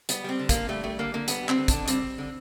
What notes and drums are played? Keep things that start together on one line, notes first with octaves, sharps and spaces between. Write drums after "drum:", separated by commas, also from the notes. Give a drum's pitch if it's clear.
G3 B3, drum: hi-hat
G3 C4
D3
A#3, drum: kick, hi-hat
D3
G3 A3
G3 A3
D3 A#3
D3 A#3
G3 B3, drum: hi-hat
G3
C4, drum: clap
D3
D3 D4, drum: kick, hi-hat
G3 C4, drum: hi-hat
G3
D3